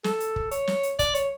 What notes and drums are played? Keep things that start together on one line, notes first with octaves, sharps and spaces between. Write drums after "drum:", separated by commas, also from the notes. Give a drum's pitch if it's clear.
A4, drum: snare
drum: hi-hat
drum: kick
C#5, drum: hi-hat
drum: snare
drum: hi-hat
D5, drum: kick, hi-hat
C#5, drum: hi-hat